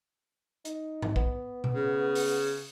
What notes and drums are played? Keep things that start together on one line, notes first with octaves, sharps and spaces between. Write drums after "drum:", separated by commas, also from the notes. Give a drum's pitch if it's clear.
D#4, drum: hi-hat
drum: tom G#2
B3, drum: kick
drum: tom B2
C#3
drum: open hi-hat